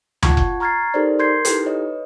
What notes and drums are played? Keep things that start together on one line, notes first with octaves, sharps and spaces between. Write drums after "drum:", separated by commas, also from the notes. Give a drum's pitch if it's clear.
F4 F#5 A5 C#6 G#6, drum: tom D2
drum: kick F1
A#5 C#6 F6 G#6 A6 C7
D#4 G4 A4 A#4 C5 D5
A#4 C6 G6 G#6 C7
D#4 E4 G4 A4 B4, drum: hi-hat
B4 C#5 D#5